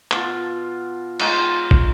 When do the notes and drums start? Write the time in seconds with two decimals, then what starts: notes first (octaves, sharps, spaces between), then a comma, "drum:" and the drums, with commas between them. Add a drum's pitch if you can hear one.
0.11 B2 F4, drum: clap
1.20 G#3 D#4 F4 F#4, drum: cymbal
1.71 drum: kick